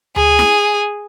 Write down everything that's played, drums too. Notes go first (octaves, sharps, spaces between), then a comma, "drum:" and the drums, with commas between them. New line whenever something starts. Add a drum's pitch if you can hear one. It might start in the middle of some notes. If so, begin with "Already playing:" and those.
G#4, drum: tom D2
drum: snare E4